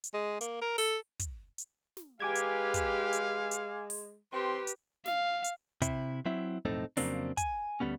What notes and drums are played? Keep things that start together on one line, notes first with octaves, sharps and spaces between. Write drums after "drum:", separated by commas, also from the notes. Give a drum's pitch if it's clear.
drum: hi-hat
G#3
A#3, drum: hi-hat
A#4
A4, drum: open hi-hat
drum: kick, hi-hat
drum: hi-hat
drum: snare
G#3 G4 B4 F5 G#5 D6 G#6
drum: hi-hat
drum: kick, hi-hat
drum: hi-hat
drum: hi-hat
drum: open hi-hat
C4 G4 B4 C6
drum: hi-hat
F5, drum: snare
drum: hi-hat
C3 E4, drum: kick, hi-hat
F#3 C4 E4 E5
B1 F2 A2 C4 D#4 A4
F2 C#3 F#3 A#3 C4 D4, drum: open hi-hat
G#5, drum: kick, hi-hat
D2 C#3 G3 B3 C#4